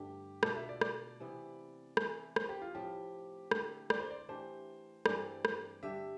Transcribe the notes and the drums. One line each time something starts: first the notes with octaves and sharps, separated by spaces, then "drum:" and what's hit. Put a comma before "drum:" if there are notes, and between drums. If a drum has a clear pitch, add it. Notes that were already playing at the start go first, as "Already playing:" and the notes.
Already playing: G2 D3 A3 G4
B2 A3 D4 F4 A4, drum: rim click
E5
D5
D5, drum: rim click
C3 E3 B3 E4
E3 A3 E4, drum: rim click
C5, drum: rim click
G4
F4
A2 F3 C4 E4 G4
D3 A3 E4, drum: rim click
D5, drum: rim click
C5
D5
E3 A3 D4 G4 C5
G2 E3 A3 C4 D5, drum: rim click
drum: rim click
D3 G3 D4 G4 E5